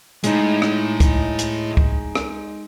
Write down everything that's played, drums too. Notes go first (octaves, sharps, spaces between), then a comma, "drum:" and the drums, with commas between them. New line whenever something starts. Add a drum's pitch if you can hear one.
A2 G#3 D#4, drum: hi-hat
drum: rim click
drum: kick, hi-hat
drum: hi-hat
drum: kick
drum: rim click